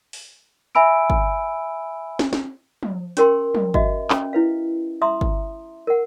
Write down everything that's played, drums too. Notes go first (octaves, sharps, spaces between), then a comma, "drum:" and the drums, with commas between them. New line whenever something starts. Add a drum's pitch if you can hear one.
drum: open hi-hat
E5 G#5 B5 E6 D7
drum: kick G1
drum: snare
drum: snare
drum: tom
C#4 G4 A#4 G5 C6, drum: hi-hat
drum: tom
F#4 D#5 E5, drum: kick G1
C#4, drum: clap
E4 B4 F5
E5 A#5 C6 D#6
drum: kick G1
A#4 F#5